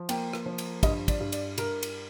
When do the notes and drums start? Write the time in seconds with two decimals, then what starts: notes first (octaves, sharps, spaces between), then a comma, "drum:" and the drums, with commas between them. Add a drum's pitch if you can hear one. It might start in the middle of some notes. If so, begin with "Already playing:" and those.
Already playing: F3
0.09 A#3 G5, drum: cymbal
0.33 drum: rim click
0.46 F3
0.58 drum: cymbal
0.83 G2 D#5, drum: kick, cymbal
1.08 D5, drum: kick, cymbal
1.20 G2
1.32 D5, drum: cymbal
1.58 G2 A#4, drum: cymbal
1.83 drum: cymbal